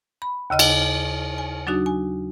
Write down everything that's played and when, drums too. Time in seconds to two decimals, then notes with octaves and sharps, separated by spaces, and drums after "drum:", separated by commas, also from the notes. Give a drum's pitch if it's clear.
0.22 B5
0.50 D#2 C#3 D#5 F6
0.59 drum: cymbal
1.38 G#5
1.67 F#3 D4 D#4 F#4
1.86 G#5